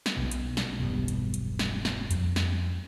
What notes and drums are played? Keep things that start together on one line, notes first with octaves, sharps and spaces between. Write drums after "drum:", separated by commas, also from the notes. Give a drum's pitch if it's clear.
drum: snare
B1 B2
drum: hi-hat
drum: snare
E1 B1 G2 B3
drum: hi-hat
drum: hi-hat
drum: snare
drum: snare
F2, drum: hi-hat
drum: snare